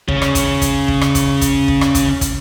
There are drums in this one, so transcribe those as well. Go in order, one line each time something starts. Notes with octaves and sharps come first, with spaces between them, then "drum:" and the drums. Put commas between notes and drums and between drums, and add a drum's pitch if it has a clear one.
C#3 C#4, drum: kick
drum: rim click
drum: kick, hi-hat
drum: kick, hi-hat
drum: kick
drum: rim click
drum: kick, hi-hat
drum: kick, hi-hat
drum: kick
drum: rim click
drum: kick, hi-hat
drum: kick, hi-hat